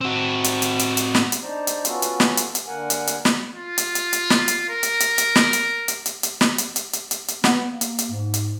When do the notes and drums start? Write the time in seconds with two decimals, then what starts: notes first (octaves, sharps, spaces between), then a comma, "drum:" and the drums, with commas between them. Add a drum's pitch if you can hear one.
0.01 C4 F#4
0.44 drum: hi-hat
0.62 drum: hi-hat
0.79 drum: hi-hat
0.97 drum: hi-hat
1.15 drum: snare
1.32 drum: hi-hat
1.42 D4 D#4 C5 D5 A#5
1.67 drum: hi-hat
1.85 B3 C#4 F4 F#4 A4, drum: hi-hat
2.02 drum: hi-hat
2.20 drum: snare
2.37 drum: hi-hat
2.55 drum: hi-hat
2.66 D3 A#3 A#4 F#5 G#5
2.90 drum: hi-hat
3.07 drum: hi-hat
3.25 drum: snare
3.55 F4
3.78 drum: hi-hat
3.95 drum: hi-hat
4.13 drum: hi-hat
4.30 drum: snare
4.48 drum: hi-hat
4.69 A#4
4.83 drum: hi-hat
5.00 drum: hi-hat
5.18 drum: hi-hat
5.35 drum: snare
5.53 drum: hi-hat
5.88 drum: hi-hat
6.06 drum: hi-hat
6.23 drum: hi-hat
6.41 drum: snare
6.58 drum: hi-hat
6.76 drum: hi-hat
6.93 drum: hi-hat
7.11 drum: hi-hat
7.28 drum: hi-hat
7.44 B3, drum: snare
7.69 A#3
7.81 drum: hi-hat
7.99 drum: hi-hat
8.10 G#2
8.34 drum: hi-hat